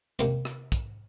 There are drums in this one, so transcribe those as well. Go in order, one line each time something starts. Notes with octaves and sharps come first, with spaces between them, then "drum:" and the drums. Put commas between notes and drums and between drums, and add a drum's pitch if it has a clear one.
C#2 C3 D#3 A#3, drum: hi-hat
drum: rim click
drum: kick, hi-hat